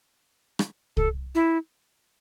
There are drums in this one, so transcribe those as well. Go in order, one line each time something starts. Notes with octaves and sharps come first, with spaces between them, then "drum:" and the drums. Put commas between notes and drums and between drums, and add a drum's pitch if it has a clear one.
drum: rim click
A4, drum: kick C2
E4